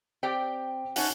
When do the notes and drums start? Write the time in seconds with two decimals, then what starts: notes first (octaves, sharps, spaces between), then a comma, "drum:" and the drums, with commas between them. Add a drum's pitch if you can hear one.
0.23 C4 G4 D5 G5
0.96 C#4 D#4 F#4 F#5 G#5 A5, drum: open hi-hat